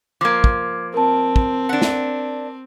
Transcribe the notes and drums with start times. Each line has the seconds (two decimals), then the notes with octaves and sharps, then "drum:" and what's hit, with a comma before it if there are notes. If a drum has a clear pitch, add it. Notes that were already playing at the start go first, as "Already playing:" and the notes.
0.21 F3 A#3 D6 G#6
0.44 drum: kick
0.94 C4 A#4 A5
1.36 drum: kick
1.69 D4 F#5
1.82 drum: snare